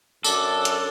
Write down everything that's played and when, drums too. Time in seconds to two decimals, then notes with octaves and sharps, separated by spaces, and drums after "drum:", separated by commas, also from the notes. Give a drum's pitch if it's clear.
0.24 F#2 D4 A4 D5 D6, drum: tambourine
0.65 drum: hi-hat